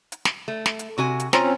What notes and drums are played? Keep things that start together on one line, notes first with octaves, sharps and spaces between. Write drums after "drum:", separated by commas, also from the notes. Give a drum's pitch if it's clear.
drum: hi-hat
drum: snare
A3
drum: snare
drum: hi-hat
C3 F#4 G#5
drum: hi-hat
C4 C#4 F4 A#5, drum: snare